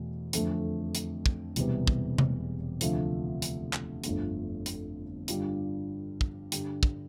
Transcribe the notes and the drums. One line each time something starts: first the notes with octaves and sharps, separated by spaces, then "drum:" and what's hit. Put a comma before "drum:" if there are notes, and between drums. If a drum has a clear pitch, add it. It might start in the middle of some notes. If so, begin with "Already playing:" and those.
Already playing: E2 B2 A3
F2 D3 A3, drum: hi-hat
drum: hi-hat
drum: kick
E1 E2 C3 G3 B3, drum: hi-hat
drum: kick
drum: tom C3
D2 C3 F3 A3, drum: hi-hat
drum: hi-hat
drum: clap
G1 F2 D3 F3 A3, drum: hi-hat
drum: hi-hat
G2 D3 G3 D4 F4, drum: hi-hat
drum: kick
G2 D3 G3, drum: hi-hat
drum: kick